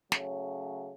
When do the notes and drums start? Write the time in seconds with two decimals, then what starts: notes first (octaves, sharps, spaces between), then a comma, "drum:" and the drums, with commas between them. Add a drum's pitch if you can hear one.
0.12 C#3 F#3 A3 C#4, drum: snare